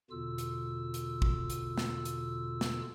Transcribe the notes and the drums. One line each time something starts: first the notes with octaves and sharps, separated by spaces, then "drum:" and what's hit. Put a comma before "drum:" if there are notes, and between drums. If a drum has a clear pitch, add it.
E2 B2 D3 F4 E6
drum: hi-hat
drum: hi-hat
drum: kick
drum: hi-hat
drum: snare
drum: hi-hat
drum: snare